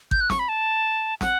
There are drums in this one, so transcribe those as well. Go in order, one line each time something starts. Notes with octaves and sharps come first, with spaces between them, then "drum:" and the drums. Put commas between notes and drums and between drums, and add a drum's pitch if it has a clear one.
G6, drum: kick G#1
F#6
C#6, drum: snare
B5
A5
F#5, drum: snare